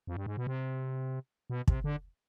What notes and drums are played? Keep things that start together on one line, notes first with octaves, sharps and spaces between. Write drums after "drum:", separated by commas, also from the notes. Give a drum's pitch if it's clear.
F2
G2
G#2
B2
C3
B2
C3, drum: kick
D3